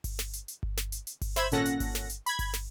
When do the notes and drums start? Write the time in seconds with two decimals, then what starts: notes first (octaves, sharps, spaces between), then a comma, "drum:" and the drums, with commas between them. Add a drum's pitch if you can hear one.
0.04 drum: kick G1, open hi-hat
0.19 drum: snare
0.33 drum: hi-hat
0.48 drum: hi-hat
0.63 drum: kick G1
0.77 drum: snare
0.92 drum: hi-hat
1.07 drum: hi-hat
1.21 drum: kick G1, open hi-hat
1.36 C5 E5 B5 E6 G#6, drum: snare
1.52 G#1 A#2 C#4 A4 F#5 A#6, drum: hi-hat
1.65 drum: hi-hat
1.80 drum: kick G1, open hi-hat
1.95 drum: snare
2.09 drum: hi-hat
2.26 B5 G#6, drum: hi-hat
2.39 drum: kick G1, open hi-hat
2.54 drum: snare